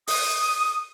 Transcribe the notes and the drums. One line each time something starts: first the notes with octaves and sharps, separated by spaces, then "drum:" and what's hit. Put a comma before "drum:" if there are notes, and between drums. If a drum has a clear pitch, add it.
D#6, drum: open hi-hat